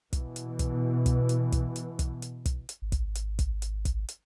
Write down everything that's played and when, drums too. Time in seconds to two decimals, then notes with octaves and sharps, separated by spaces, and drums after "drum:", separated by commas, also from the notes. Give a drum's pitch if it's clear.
0.13 B2 E3, drum: kick, hi-hat
0.36 drum: hi-hat
0.59 drum: kick, hi-hat
1.06 drum: kick, hi-hat
1.29 drum: hi-hat
1.52 drum: kick, hi-hat
1.76 drum: hi-hat
1.99 drum: kick, hi-hat
2.22 drum: hi-hat
2.45 drum: kick, hi-hat
2.69 drum: hi-hat
2.82 G#1
2.92 drum: kick, hi-hat
3.15 drum: hi-hat
3.39 drum: kick, hi-hat
3.62 drum: hi-hat
3.85 drum: kick, hi-hat
4.09 drum: hi-hat